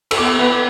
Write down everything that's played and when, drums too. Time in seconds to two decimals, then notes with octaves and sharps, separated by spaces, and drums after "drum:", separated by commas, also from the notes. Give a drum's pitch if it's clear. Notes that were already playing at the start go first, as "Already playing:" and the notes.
0.11 E6, drum: cymbal
0.17 B3 D6
0.39 B3 B4